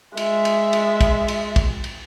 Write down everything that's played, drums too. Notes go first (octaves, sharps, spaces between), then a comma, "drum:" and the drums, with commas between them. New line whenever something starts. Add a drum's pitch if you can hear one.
G#3 E5, drum: cymbal
drum: cymbal
drum: cymbal
drum: kick, cymbal
drum: cymbal
drum: kick, cymbal
drum: cymbal